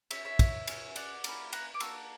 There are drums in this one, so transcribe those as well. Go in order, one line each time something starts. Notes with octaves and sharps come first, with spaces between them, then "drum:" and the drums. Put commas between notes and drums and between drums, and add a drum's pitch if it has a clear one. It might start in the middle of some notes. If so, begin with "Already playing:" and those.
C#4 F#4 C#5 E5, drum: cymbal
C#5 E5
drum: kick, cymbal
C#4 F#4, drum: cymbal
D5 F#5, drum: cymbal
A#3 C#4 E4, drum: cymbal
F#5 A#5, drum: cymbal
D6
A#3 D4 F#4 C#6 E6, drum: cymbal